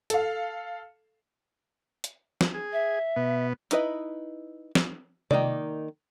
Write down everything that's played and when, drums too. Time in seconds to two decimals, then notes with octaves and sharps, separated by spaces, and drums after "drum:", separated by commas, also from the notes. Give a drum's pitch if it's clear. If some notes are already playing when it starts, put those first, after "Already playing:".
0.10 A4 F5, drum: hi-hat
2.04 drum: hi-hat
2.41 drum: snare
2.54 G#4
2.73 E5
3.16 B2 B3
3.71 D#4 E4 B4 D#5, drum: hi-hat
4.75 drum: snare
5.31 D#3 F#3 A#3 D#4 D5, drum: tom C3